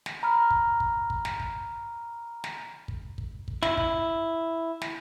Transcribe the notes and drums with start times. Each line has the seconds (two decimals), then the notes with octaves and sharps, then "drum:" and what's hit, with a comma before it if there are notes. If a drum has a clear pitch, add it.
0.06 drum: snare
0.23 A#5 B5 F6
0.50 drum: kick
0.80 drum: kick
1.10 drum: kick
1.25 drum: snare
1.40 drum: kick
2.44 drum: snare
2.88 drum: kick
3.18 drum: kick
3.48 drum: kick
3.63 E4, drum: snare
3.77 drum: kick
4.81 drum: snare